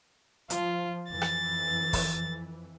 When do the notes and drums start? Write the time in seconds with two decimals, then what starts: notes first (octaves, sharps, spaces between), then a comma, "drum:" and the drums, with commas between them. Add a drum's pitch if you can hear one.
0.50 F3 F4, drum: hi-hat
1.11 F2 E3 A6
1.22 drum: rim click
1.93 drum: kick, open hi-hat